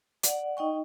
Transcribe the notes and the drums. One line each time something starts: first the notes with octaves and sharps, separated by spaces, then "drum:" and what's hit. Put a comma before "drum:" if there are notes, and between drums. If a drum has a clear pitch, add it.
D5 F#5, drum: hi-hat
D#4 D#5 G5 C#6